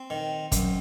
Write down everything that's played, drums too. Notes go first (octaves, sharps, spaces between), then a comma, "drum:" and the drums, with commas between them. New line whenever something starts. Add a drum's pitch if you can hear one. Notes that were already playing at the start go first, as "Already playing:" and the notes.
Already playing: C4
D#3
F#2, drum: kick, hi-hat